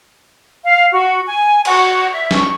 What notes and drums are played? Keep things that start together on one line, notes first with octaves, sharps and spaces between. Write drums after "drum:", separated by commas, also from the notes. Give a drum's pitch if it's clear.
F5
F#4
G#5
F#4, drum: cymbal
E5
C#6, drum: snare